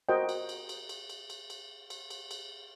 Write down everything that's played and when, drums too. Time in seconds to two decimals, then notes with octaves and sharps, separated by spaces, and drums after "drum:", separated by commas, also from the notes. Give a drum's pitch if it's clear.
0.09 F#4 A#4 C5 D#5 F#5 G5
0.29 drum: cymbal
0.49 drum: cymbal
0.69 drum: cymbal
0.89 drum: cymbal
1.10 drum: cymbal
1.30 drum: cymbal
1.50 drum: cymbal
1.90 drum: cymbal
2.10 drum: cymbal
2.31 drum: cymbal